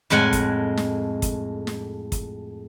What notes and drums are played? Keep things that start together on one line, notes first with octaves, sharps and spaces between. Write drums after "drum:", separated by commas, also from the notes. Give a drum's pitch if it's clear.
F2 A2 G#3 F#5 G#5
drum: kick, hi-hat
drum: snare
drum: kick, hi-hat
drum: snare
drum: kick, hi-hat